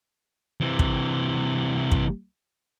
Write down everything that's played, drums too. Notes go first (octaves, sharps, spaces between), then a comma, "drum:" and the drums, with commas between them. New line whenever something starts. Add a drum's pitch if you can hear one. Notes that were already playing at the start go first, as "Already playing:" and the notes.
C3 E3
drum: kick
drum: kick